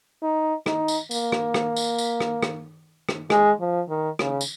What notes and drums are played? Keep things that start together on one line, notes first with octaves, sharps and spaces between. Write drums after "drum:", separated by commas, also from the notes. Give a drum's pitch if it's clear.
D#4
D#4, drum: rim click
drum: tambourine
A#3, drum: tambourine
drum: rim click
drum: rim click
drum: tambourine
drum: tambourine
drum: rim click
drum: rim click
drum: rim click
G#3, drum: rim click
F3
D#3
C#3, drum: rim click
drum: tambourine